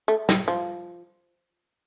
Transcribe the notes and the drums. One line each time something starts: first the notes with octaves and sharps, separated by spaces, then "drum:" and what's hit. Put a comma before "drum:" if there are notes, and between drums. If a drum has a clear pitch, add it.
A3
G3, drum: snare
F3